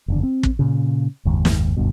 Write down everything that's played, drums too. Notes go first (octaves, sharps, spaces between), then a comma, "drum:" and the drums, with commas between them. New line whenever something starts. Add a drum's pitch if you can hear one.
F#1 E2 D3
C4
drum: kick
A#2 C#3
F#1 D#2 G#2
drum: snare
F#1 D2 G2 B2